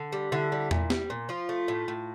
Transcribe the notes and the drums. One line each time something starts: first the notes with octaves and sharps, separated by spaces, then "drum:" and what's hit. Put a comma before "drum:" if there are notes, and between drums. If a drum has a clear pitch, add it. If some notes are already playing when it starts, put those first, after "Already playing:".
Already playing: D3
G3
D3 E4
G3
A#2, drum: tom E2
G3, drum: snare
A#2
F3 F4
A3
A2
A2